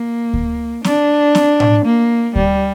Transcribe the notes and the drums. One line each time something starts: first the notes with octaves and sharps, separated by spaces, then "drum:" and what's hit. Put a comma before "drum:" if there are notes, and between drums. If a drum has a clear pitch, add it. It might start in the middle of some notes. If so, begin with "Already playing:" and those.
Already playing: A#3
drum: kick D2
D4, drum: snare C4
drum: snare C4
drum: tom A2
A#3
G3, drum: kick D2